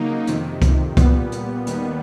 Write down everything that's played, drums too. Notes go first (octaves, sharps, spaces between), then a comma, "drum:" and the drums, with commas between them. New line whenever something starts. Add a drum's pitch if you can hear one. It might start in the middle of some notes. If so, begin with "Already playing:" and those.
Already playing: C#3 F#3 A#3 D#4
F2 C3 D#3, drum: hi-hat
drum: kick C2, hi-hat
A#2 G3 B3, drum: kick C2, hi-hat
drum: hi-hat
D#2 D#3 G3 B3, drum: hi-hat